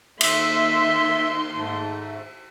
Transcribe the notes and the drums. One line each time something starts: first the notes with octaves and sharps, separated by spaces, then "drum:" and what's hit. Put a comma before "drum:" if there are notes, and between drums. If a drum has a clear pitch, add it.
D#3 A#3 E5 C6, drum: cymbal
G#2 A3